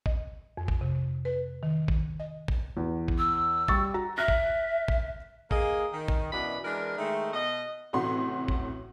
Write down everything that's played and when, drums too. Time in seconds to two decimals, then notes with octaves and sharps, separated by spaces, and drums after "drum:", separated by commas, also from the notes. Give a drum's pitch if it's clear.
0.06 D#5, drum: kick
0.57 F2
0.68 drum: kick
0.81 C3
1.25 B4
1.63 D#3
1.88 drum: kick
2.20 D#5
2.48 drum: kick
2.77 E2
3.08 drum: kick
3.18 E6
3.68 G3 C#6 A6, drum: kick
3.94 F#4 A#5
4.18 E5 F6 F#6 A#6
4.28 drum: kick
4.88 drum: kick
5.51 A#3 G#4 D#5, drum: kick
5.92 D#3
6.08 drum: kick
6.32 F#2 B2 E3 D4 B5
6.65 E3 G#3 D4 A#4
6.98 D#3 G#3 A3
7.33 B2 D#5
7.93 A1 A2 C3 F#4 C6
8.48 drum: kick